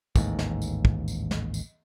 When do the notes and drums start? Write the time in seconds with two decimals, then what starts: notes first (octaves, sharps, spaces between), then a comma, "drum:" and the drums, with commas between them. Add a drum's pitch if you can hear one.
0.16 A1 D#2 G#2, drum: kick, tambourine
0.39 drum: snare
0.62 drum: tambourine
0.85 drum: kick
1.08 drum: tambourine
1.31 drum: snare
1.54 drum: tambourine